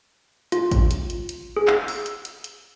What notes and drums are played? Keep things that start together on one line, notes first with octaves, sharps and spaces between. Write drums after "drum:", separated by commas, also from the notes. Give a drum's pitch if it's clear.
F4, drum: hi-hat
drum: kick A1, hi-hat
drum: hi-hat
drum: hi-hat
drum: hi-hat
G#4
drum: clap
E6, drum: open hi-hat
drum: hi-hat
drum: hi-hat
drum: hi-hat